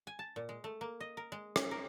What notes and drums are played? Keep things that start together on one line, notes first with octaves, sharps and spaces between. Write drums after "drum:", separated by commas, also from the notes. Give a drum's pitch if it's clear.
G#5
A5
A#2
G#3
A3
A#3
D#5
A#4
G#3
C#4, drum: rim click
A#4